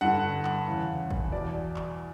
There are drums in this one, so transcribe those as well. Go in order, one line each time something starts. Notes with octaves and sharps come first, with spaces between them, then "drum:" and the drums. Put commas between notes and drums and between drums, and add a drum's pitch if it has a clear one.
G2 D3 F#5
drum: clap
E2 C#3 E3
drum: kick
E2 B2 D5
drum: clap